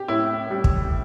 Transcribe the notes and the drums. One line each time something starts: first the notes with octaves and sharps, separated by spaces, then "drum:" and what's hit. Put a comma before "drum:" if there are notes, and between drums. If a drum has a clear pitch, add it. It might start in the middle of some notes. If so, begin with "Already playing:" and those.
Already playing: G4
A2 E4
G3
drum: kick